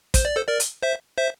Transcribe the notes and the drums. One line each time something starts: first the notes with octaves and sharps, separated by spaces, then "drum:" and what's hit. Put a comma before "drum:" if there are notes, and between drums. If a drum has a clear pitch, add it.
C5, drum: kick, hi-hat
D5
A4 C5
A#4 D5
drum: hi-hat
C5 E5
C5 E5